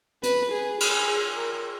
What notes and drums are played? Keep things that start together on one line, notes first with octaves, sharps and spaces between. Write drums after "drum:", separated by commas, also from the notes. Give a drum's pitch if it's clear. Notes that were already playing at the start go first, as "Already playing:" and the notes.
B4, drum: hi-hat
G#4
G#4, drum: cymbal
A#4